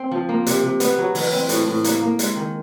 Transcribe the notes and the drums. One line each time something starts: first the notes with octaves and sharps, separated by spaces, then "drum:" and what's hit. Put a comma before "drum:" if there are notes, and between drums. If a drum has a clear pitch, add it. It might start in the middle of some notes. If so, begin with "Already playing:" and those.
Already playing: C4
F3
A#3
C3, drum: hi-hat
C3
B3, drum: hi-hat
F#3
E3, drum: open hi-hat
C4
A2, drum: hi-hat
A2
A#3, drum: hi-hat
A#3
G#3, drum: hi-hat
D#3